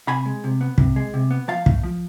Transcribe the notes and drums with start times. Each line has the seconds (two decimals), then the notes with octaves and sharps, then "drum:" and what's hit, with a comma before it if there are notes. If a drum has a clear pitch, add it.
0.08 C3 G#5 B5
0.26 G#3
0.44 C3
0.61 B3
0.78 C3, drum: kick
0.96 G#3
1.14 C3
1.31 B3
1.48 F3 F5 A5
1.66 A3, drum: kick
1.83 F3